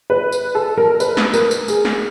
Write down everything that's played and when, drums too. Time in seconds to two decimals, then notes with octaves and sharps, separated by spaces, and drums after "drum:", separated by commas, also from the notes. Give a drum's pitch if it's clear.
0.10 B4
0.32 drum: tambourine
0.55 A4
0.78 A#4
1.00 B4, drum: tambourine
1.17 drum: snare
1.34 A#4, drum: tambourine
1.51 drum: tambourine
1.68 G#4, drum: tambourine
1.85 drum: snare